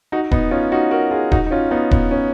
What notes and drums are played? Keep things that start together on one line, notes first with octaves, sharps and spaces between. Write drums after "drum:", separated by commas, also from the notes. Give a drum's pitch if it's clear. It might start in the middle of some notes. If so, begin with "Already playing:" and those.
D#4 F#4
B3 D#4, drum: kick D#1
C#4 F4
D#4 F#4
F#4 A#4
F4 G#4
D#4 F#4, drum: kick D#1
D#4
C#4 F4
B3 D#4
B3, drum: kick D#1
C#4